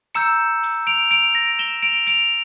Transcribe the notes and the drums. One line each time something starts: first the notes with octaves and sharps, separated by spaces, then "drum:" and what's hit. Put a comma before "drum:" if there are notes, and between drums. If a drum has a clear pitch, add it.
A#5 E6 G6 C#7 E7, drum: hi-hat
drum: hi-hat
D7 F7
D7 F7, drum: hi-hat
A#6 D7
E7 G7
D7 F7
D7 F7, drum: hi-hat